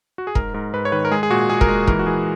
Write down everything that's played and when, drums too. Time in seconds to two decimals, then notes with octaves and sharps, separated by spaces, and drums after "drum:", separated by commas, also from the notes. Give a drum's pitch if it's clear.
0.18 F#4
0.27 G#4
0.35 G#2 A#4, drum: kick
0.54 G#2 A#4
0.74 G#2 B4
0.85 C#5
0.92 D#3 B4
1.05 A#4
1.11 G#3 G#4
1.23 G#4
1.30 A#2 F#4
1.49 A#2 G#4
1.61 A#4, drum: kick
1.69 G#3 G#4
1.87 E3 A#4, drum: kick
1.99 F#4
2.06 E3 G#4